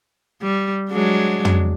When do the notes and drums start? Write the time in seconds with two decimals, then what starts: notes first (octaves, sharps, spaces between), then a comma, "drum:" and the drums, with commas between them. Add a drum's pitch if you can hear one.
0.42 G3
0.90 F#3 G#3 D4
1.45 drum: tom